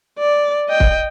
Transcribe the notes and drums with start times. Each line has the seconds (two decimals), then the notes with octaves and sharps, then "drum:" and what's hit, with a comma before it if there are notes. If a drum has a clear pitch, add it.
0.19 D5
0.68 D#5 G5
0.80 drum: kick